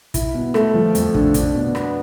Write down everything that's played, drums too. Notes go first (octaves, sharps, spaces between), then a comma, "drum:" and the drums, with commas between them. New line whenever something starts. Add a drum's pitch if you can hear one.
E4, drum: kick, hi-hat
B2
A3, drum: rim click
F3
F2, drum: hi-hat
D3, drum: kick
D4, drum: kick, hi-hat
B2
B3, drum: rim click